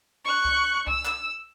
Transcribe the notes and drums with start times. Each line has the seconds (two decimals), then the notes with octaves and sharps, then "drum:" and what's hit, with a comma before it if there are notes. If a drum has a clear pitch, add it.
0.25 C#6 F#6
0.45 drum: kick C2
0.87 E6, drum: kick C2
1.05 drum: clap